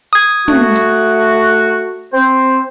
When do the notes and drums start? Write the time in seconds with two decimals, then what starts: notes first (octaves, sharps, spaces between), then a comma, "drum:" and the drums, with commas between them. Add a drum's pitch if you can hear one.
0.13 D#6 G#6
0.48 A3 F#4, drum: tom
0.75 drum: hi-hat
2.13 C4 C5